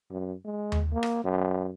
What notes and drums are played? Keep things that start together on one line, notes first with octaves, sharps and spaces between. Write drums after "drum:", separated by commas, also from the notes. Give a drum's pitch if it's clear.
F#2
G#3
drum: tom D#2
A#3
drum: rim click
F#2